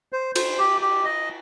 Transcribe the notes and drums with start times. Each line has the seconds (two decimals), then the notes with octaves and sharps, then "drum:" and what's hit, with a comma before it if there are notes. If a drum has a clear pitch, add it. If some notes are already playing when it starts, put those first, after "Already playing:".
0.13 C5
0.35 C5, drum: cymbal
0.58 G4
0.81 G4
1.05 D#5